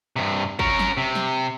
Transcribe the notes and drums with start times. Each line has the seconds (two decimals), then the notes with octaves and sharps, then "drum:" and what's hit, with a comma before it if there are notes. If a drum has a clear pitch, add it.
0.16 G2 C3
0.59 C#4 A#4, drum: kick
0.79 drum: snare
0.97 C3
1.15 drum: snare